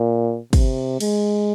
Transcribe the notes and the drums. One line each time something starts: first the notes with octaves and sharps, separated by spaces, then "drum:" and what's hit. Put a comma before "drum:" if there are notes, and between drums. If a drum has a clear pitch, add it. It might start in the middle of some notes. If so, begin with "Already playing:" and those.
Already playing: A#2
C3, drum: kick, cymbal
G#3, drum: cymbal